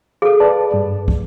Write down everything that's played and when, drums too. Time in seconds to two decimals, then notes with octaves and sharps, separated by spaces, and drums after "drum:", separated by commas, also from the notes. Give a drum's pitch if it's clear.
0.22 G#4 A4 F5
0.40 B4 D5 A5
0.74 G2
1.08 drum: kick